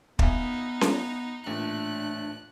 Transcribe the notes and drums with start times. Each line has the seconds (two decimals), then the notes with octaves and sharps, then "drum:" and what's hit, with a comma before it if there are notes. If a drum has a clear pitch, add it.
0.19 B3 D#4 E5 F5 G#5, drum: kick
0.81 drum: snare C#4
1.46 A1 A#2 A3 D4 F#6